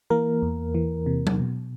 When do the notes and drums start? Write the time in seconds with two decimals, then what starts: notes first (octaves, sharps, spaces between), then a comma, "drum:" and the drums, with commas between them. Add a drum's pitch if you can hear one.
0.10 E3 A#3 A#4
0.42 E2
0.75 E3
1.06 C3
1.27 drum: tom F#3
1.39 B2